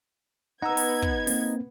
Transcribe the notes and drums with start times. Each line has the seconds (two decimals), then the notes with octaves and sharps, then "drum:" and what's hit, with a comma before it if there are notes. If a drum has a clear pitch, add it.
0.62 B3 D#4 F#5 A#5 E6 G#6
0.77 drum: open hi-hat
1.02 drum: kick
1.27 A#3 C4, drum: open hi-hat